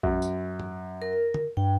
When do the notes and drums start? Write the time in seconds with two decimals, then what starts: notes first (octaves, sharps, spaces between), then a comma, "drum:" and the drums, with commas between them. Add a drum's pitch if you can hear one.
0.03 F#2, drum: kick A#1
0.22 drum: tambourine
0.60 drum: tom
1.02 A#4
1.34 drum: tom
1.57 G2 G5